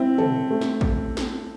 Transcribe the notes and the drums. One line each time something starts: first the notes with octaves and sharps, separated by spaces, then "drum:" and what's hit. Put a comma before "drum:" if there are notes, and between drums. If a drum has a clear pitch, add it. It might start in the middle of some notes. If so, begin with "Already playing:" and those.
Already playing: C4 E4
A4, drum: tom
A3
drum: snare
drum: kick A1
drum: snare